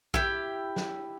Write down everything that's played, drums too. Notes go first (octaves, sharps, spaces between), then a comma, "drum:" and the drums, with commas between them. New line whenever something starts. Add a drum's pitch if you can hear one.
E4 G4, drum: kick
drum: snare